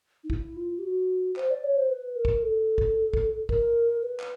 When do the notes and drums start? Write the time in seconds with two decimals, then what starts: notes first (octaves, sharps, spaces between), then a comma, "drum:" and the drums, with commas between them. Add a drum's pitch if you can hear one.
0.24 D#4
0.30 E4, drum: kick
0.56 F4
0.79 G4
0.83 F#4
1.36 C5, drum: clap
1.50 D5
1.64 C#5
1.76 C5
1.90 B4
2.16 A#4
2.25 drum: kick
2.43 A4
2.78 drum: kick
3.13 drum: kick
3.49 A#4, drum: kick
4.02 B4
4.20 drum: clap